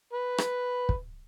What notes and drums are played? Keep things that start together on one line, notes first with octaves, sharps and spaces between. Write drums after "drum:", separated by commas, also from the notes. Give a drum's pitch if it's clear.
B4
drum: rim click
drum: kick